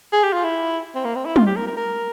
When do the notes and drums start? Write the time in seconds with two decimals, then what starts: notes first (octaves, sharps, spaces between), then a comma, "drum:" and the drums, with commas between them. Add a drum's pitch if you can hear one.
0.13 G#4
0.23 G4
0.33 F4
0.44 E4
0.95 C4
1.05 A#3
1.16 C4
1.26 E4
1.36 F4, drum: tom
1.46 G4
1.56 A#4
1.67 A#4
1.77 A#4